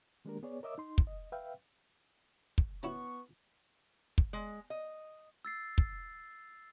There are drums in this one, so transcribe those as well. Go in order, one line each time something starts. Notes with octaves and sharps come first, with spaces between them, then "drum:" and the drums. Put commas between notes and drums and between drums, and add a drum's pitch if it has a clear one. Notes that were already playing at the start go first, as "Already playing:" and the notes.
D#3 G#3 A#3 D4 G4 A#4
B3 G#4 C#5 D5
A#4 C#5 D#5 E5 D6 E6
D#4 C6
drum: kick
D#5
B4 E5 F5 G5
drum: kick
B3 C#4 E4 F#4 C#6
drum: kick
G#3
D#5
E6 A6 C7
drum: kick